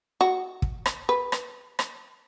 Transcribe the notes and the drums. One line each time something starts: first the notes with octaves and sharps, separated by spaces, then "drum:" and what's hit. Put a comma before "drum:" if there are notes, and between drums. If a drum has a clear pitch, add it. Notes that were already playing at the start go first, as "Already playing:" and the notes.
F#4
drum: kick
drum: rim click
B4
drum: rim click
drum: rim click